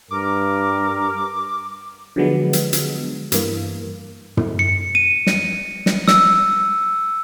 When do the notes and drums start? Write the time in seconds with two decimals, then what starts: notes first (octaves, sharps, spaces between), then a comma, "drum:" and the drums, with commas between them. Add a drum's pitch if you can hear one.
0.11 G2 A#4 D6
2.16 D3 F3 F#3 G#3 B3
2.53 drum: hi-hat
2.73 drum: hi-hat
3.32 G2 E3 A#3, drum: hi-hat
4.37 drum: tom
4.59 C#7
4.95 D#7
5.27 drum: snare
5.86 drum: snare
6.08 E6, drum: snare